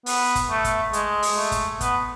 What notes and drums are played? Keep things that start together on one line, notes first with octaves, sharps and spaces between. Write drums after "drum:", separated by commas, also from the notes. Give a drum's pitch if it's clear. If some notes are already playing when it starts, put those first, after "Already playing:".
B3, drum: open hi-hat
drum: kick, hi-hat
A3
drum: kick, hi-hat
G#3, drum: hi-hat
drum: open hi-hat
A3
drum: kick, hi-hat
B3, drum: kick, hi-hat